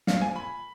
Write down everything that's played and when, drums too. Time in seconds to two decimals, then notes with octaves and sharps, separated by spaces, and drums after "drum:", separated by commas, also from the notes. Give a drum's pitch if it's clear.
0.07 A#2 F3 F5, drum: snare
0.21 G#5
0.36 B5